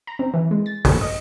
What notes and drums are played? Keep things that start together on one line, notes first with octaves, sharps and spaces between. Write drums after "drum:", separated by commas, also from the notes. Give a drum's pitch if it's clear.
A#5
C4
E3
G#3
A6
A4, drum: kick, open hi-hat
D#5